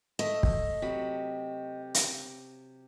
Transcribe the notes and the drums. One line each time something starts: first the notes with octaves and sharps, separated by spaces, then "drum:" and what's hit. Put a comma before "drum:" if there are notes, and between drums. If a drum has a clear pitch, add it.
A3 D#5 E5
drum: kick
C3 F#3 B5
drum: hi-hat